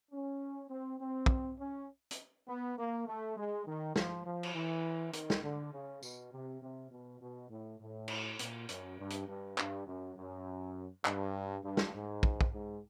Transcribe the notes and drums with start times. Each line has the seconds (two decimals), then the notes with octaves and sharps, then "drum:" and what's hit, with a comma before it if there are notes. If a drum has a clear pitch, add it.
0.12 C#4
0.70 C4
0.99 C4
1.26 drum: kick
1.59 C#4
2.11 drum: hi-hat
2.47 B3
2.78 A#3
3.07 A3
3.37 G#3
3.66 D#3
3.96 F3, drum: snare
4.25 F3
4.43 drum: cymbal
4.54 E3
5.13 D#3, drum: hi-hat
5.30 drum: snare
5.43 D3
5.73 C#3
6.03 B2, drum: tambourine
6.33 C3
6.62 C3
6.91 B2
7.21 B2
7.50 A2
7.80 A2
8.08 drum: cymbal
8.39 A#2, drum: hi-hat
8.69 F#2, drum: hi-hat
8.99 G2
9.10 drum: hi-hat
9.27 G2
9.58 G2, drum: clap
9.86 F#2
10.16 F#2
11.05 G2, drum: clap
11.64 G2
11.77 drum: snare
11.94 G#2
12.23 drum: kick
12.41 drum: kick
12.53 G#2